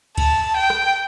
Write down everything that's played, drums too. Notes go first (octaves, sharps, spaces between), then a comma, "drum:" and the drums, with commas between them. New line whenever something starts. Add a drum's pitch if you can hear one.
A5, drum: kick C#2, cymbal
G5
drum: rim click